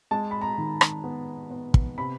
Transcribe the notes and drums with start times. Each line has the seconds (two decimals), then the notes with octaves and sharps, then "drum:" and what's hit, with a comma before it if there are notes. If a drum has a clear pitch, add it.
0.11 G#3 A5
0.31 B5
0.41 A#5
0.58 D#3
0.81 drum: rim click
1.04 B3
1.50 B3
1.74 drum: kick
1.98 C3 B5